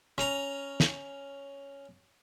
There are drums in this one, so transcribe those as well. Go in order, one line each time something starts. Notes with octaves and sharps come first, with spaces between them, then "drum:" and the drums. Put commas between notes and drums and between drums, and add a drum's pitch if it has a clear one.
C#4 A#5, drum: rim click
drum: snare